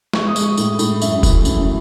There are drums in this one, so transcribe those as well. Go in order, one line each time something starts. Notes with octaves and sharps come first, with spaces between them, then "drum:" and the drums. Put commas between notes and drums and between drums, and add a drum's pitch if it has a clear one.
G#3 C#6, drum: snare
D#6
G#3, drum: tambourine
C#6
A2, drum: tambourine
A2, drum: tambourine
F#2 E5, drum: tambourine
E3, drum: kick E1, tambourine
F#2, drum: tambourine